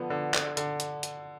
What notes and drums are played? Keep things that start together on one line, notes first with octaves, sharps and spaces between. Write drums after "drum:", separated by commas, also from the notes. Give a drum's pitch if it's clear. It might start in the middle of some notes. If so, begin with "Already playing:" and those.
Already playing: D3 F3 B3
D3
D3, drum: clap
D3, drum: hi-hat
drum: hi-hat
drum: hi-hat